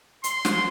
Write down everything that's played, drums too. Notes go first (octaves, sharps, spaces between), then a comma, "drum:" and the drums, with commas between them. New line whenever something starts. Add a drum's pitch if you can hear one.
C6, drum: hi-hat
drum: snare